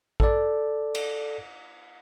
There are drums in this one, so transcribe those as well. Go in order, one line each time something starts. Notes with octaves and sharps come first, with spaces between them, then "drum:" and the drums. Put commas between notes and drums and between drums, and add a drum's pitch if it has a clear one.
A4 D5, drum: kick A1
drum: cymbal